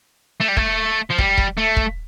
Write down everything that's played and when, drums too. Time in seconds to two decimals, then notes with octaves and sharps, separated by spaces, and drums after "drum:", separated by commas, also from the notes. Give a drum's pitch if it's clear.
0.40 A3
0.48 G3
0.57 A3, drum: kick
1.10 F3
1.18 G3, drum: kick
1.38 drum: kick
1.57 A3
1.77 drum: kick